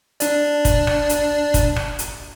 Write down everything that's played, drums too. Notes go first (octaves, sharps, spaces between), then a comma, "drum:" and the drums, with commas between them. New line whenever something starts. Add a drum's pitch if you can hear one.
D4 D5, drum: hi-hat
drum: kick, hi-hat
drum: rim click
drum: hi-hat
drum: kick, hi-hat
drum: rim click
drum: hi-hat